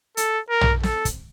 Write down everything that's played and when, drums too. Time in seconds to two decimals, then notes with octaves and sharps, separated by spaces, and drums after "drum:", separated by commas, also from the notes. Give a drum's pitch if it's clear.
0.17 A4, drum: hi-hat
0.50 A#4
0.61 drum: tom
0.83 A4, drum: snare
1.05 drum: kick, hi-hat